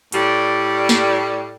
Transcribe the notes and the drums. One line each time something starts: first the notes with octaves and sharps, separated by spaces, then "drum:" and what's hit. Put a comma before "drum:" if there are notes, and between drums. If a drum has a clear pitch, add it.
A2 G3, drum: hi-hat
drum: snare